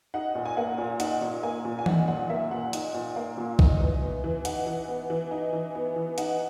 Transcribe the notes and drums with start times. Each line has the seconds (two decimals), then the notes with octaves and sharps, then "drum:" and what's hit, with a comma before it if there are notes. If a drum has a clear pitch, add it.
0.14 D#4 F#5
0.35 A#2
0.45 G#5
0.57 A#3 F#5
0.78 A#2
1.00 D#4 F#5, drum: hi-hat
1.21 A#2
1.43 A#3 G#5
1.65 A#2
1.79 G#5
1.86 D#4 F#5, drum: tom E3
2.08 A#2 F#5
2.29 A#3 E5
2.51 A#2 F#5
2.73 D#4, drum: hi-hat
2.94 A#2
3.16 A#3
3.37 A#2
3.59 D#4, drum: kick B1
3.80 E3
4.02 B3
4.24 E3
4.45 D#4 F#5, drum: hi-hat
4.66 E3
4.88 B3
5.10 E3
5.31 D#4
5.53 E3
5.75 B3
5.96 E3
6.18 D#4 F#5, drum: hi-hat